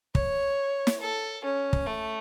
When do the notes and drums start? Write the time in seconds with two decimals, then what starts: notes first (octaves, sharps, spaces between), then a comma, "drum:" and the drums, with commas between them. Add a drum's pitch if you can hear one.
0.15 C#5, drum: kick
0.87 drum: snare
1.01 A4
1.45 C#4
1.73 drum: kick
1.87 A3